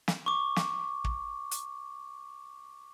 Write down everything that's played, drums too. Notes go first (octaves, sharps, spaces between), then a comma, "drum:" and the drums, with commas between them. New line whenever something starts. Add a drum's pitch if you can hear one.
drum: snare
C#6 D6
drum: snare
drum: kick
drum: hi-hat